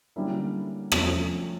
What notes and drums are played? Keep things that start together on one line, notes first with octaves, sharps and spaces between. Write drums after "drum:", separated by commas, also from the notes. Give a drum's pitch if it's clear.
D3 G3 A#3 C#4 E4
C3 F3 A3 C#4, drum: rim click